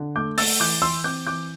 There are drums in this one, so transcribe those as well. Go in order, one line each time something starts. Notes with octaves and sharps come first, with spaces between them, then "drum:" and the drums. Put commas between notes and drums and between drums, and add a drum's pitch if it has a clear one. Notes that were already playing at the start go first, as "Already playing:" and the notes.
Already playing: D3
A3 D6 G6
A3 E6 A6, drum: open hi-hat
E3 D6 G6
E3 C6 E6
C4 D6 G6
E3 D6 G6